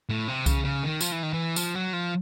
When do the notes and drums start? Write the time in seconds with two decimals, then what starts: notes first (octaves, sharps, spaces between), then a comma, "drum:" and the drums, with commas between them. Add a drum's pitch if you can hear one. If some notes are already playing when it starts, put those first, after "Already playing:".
0.09 A2
0.28 C3
0.46 C#3, drum: kick C2, tambourine
0.65 C#3
0.83 D#3
1.01 F3, drum: tambourine
1.12 E3
1.23 D#3
1.33 E3
1.56 F3, drum: tambourine
1.75 F#3
1.93 F3